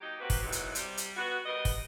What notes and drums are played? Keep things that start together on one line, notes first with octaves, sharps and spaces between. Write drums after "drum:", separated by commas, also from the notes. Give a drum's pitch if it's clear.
F#3 A#3 D#4 G4
A#3 C4 F#4 G4 B4
drum: kick, open hi-hat
G#2 B2 D#3 E3 F#3
drum: hi-hat
C3 G3, drum: hi-hat
drum: hi-hat
B3 F#4
G3 B3 A#4 D#5
drum: kick, open hi-hat